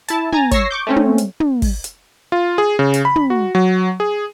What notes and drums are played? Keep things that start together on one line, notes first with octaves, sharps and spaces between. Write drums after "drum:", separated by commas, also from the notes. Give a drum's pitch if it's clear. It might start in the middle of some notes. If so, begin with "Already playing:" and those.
E4 A5, drum: hi-hat
G#5 A#5 A6, drum: tom
C#5 C#6 E6 A#6 C7, drum: kick, hi-hat
C#6 D6 G6
A3 C4 C#4
drum: tom
drum: hi-hat
drum: tom
drum: kick, open hi-hat
drum: hi-hat
F4
G#4
C#3
drum: hi-hat
B5
drum: tom
F#4
F#3
G#4